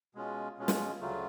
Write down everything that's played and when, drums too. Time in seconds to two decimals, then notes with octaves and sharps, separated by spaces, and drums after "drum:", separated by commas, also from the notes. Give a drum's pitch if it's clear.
0.15 B2 G#3 C#4 F4
0.58 B2 G#3 C#4 F4
0.68 drum: snare
1.00 D2 C#3 F#3 A3 F4